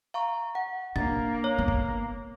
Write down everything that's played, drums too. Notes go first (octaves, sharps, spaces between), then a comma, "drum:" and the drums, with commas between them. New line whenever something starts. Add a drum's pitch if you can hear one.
F5 A#5 C#6
F#5
A#3 D4 A6, drum: tom A2
C#5
B3
drum: kick F#1